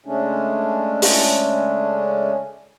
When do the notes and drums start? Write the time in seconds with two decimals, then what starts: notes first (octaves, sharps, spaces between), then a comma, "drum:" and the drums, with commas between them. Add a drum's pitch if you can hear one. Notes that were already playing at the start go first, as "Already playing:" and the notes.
0.06 C#3 G#3 A3 C#4 D4
1.02 drum: open hi-hat